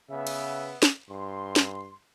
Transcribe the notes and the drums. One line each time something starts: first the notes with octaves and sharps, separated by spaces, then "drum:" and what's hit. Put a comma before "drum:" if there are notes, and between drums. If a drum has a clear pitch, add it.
C#3 B3 E5
drum: cymbal
drum: snare
G2 C6
drum: snare